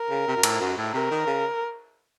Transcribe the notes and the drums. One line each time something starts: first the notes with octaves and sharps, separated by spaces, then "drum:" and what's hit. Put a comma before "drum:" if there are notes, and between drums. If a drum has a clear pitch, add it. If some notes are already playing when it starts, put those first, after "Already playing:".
Already playing: A#4
C#3
C3
F#2
A2, drum: cymbal
F#2
A2
C3 A#4
D#3
C#3